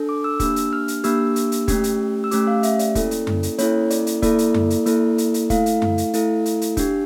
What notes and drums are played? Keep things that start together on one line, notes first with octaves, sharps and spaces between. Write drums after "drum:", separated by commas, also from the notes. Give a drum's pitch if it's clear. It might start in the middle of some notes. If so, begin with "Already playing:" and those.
Already playing: D4 A4
D6
E6
A#3 D4 G4 E6, drum: kick, hi-hat
drum: hi-hat
F6
drum: hi-hat
A#3 D4 G4 E6, drum: hi-hat
drum: hi-hat
drum: hi-hat
A3 C#4 G4, drum: kick, hi-hat
drum: hi-hat
E6
A3 C#4 G4 D6, drum: hi-hat
F5
E5, drum: hi-hat
D5, drum: hi-hat
A#3 C#4 E4 A4, drum: kick, hi-hat
drum: hi-hat
drum: tom F#2
drum: hi-hat
A#3 C#4 E4 A4 C#5, drum: hi-hat
D5, drum: hi-hat
drum: hi-hat
A#3 E4 A4 D5, drum: kick, hi-hat
drum: hi-hat
drum: tom F#2
drum: hi-hat
A#3 E4 A4, drum: hi-hat
drum: hi-hat
drum: hi-hat
A3 E4 A4 F5, drum: kick, hi-hat
drum: hi-hat
drum: tom F#2
drum: hi-hat
A3 E4 A4, drum: hi-hat
drum: hi-hat
drum: hi-hat
D4 G4, drum: kick, hi-hat